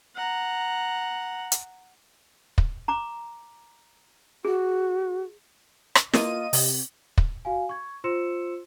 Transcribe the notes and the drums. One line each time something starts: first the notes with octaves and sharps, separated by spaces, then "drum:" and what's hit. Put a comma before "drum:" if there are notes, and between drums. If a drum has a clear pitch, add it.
F#5 A#5
drum: hi-hat
drum: kick
A#5 D6
F#4 G#4
drum: rim click
A#3 F4 D#5 D#7, drum: snare
C3, drum: open hi-hat
drum: kick
F#4 F5 G#5
C#6 G#6
F4 C5 C6 E6 C#7 E7